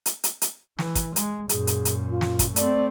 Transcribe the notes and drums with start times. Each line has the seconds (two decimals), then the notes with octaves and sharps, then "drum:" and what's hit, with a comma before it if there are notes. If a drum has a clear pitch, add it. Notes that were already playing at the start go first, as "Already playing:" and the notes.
0.06 drum: hi-hat
0.24 drum: hi-hat
0.42 drum: hi-hat
0.79 E3, drum: snare
0.95 drum: kick, hi-hat
1.16 G#3, drum: hi-hat
1.49 F#2 A#2 G#4, drum: hi-hat
1.67 drum: hi-hat
1.85 drum: hi-hat
2.10 F4
2.21 drum: snare
2.39 drum: kick, hi-hat
2.56 A3 C4 D5, drum: hi-hat